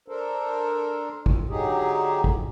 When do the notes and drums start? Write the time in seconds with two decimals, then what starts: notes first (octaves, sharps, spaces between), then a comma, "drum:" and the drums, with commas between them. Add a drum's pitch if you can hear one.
0.08 D4 A4 A#4 C5
1.26 drum: kick G#1
1.49 D3 F#3 G#3 D#4 G4 G#4
2.24 drum: kick G#1